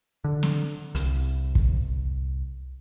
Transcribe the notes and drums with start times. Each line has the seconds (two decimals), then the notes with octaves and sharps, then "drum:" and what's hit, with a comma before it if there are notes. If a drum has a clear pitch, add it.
0.24 D3
0.43 drum: snare
0.95 C2, drum: hi-hat
1.55 drum: kick